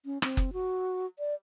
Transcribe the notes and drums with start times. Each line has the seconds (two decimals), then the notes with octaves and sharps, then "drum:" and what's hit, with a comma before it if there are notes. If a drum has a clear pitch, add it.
0.05 C#4
0.22 C4, drum: rim click
0.37 drum: kick F#1
0.53 F#4
1.19 D5